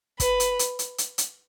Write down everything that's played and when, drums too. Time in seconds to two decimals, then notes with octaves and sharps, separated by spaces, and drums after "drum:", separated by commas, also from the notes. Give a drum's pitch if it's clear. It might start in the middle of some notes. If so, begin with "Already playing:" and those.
0.20 B4, drum: kick, hi-hat
0.40 drum: hi-hat
0.59 drum: hi-hat
0.79 drum: hi-hat
0.98 drum: hi-hat
1.18 drum: hi-hat